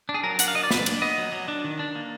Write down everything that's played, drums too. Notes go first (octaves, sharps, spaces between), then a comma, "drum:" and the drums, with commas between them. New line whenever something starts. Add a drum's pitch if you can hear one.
D4
G#4
F#3 A#4
D4 F#5, drum: hi-hat
F5
F#3 D#5
D5
F#3 B4, drum: snare
D4, drum: cymbal
B3 D#5
F#3
F#3
D4
D#3
D4
A#3